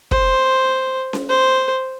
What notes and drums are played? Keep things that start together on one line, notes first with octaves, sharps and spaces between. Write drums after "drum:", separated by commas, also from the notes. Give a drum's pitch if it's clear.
C5, drum: kick
drum: snare C#4
C5